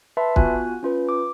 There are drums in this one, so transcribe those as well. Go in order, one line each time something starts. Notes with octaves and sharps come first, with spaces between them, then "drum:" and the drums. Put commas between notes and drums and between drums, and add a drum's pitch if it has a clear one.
B4 E5 A5 B5 C6
B3 F4 F#4 G#5 F#6, drum: kick
C#4 F4 B4
D6